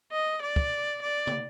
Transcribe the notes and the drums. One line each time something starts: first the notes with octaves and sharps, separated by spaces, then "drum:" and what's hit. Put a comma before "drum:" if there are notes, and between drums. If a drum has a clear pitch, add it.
D#5
D5
drum: kick
D5
drum: tom